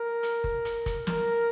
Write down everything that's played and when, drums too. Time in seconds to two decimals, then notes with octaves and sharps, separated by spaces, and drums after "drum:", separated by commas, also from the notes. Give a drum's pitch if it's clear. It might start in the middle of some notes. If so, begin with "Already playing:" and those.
Already playing: A#4
0.23 drum: hi-hat
0.44 drum: kick F#1
0.65 drum: hi-hat
0.86 drum: kick F#1, hi-hat
1.07 A#4, drum: snare